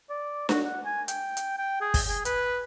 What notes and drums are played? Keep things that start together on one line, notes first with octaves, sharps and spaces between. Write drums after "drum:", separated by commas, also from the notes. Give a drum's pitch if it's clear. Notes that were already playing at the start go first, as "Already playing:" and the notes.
D5
F#4, drum: snare D4
F#5
G#5
G5, drum: hi-hat
drum: hi-hat
G5
G#4
drum: kick, open hi-hat
G#4
B4, drum: hi-hat